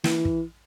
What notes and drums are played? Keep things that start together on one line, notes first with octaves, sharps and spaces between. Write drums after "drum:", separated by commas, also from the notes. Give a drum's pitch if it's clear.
E3, drum: snare
drum: kick